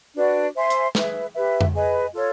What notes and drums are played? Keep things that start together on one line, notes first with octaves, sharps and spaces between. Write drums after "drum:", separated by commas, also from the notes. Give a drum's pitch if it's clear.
D4 F#4 B4 D5
C5 E5 G#5 C6
drum: hi-hat
G#4 B4 E5, drum: snare
G4 B4 E5
drum: tom F2
G#4 B4 D#5 G#5
F4 A4 C#5